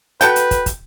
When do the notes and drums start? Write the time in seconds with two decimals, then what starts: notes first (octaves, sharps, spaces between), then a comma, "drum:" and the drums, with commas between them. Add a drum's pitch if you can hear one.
0.21 F#4 A4 B4 G5 G6, drum: hi-hat
0.36 drum: hi-hat
0.51 drum: kick, hi-hat
0.66 drum: kick, hi-hat